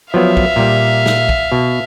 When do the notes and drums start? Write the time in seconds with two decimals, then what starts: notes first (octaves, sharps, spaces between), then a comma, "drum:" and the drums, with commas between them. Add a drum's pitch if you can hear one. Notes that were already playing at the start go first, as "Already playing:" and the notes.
0.14 F3 F#3 B3 E5 F5
0.37 drum: kick
0.56 A#2 G3
1.06 drum: snare
1.29 drum: kick
1.52 B2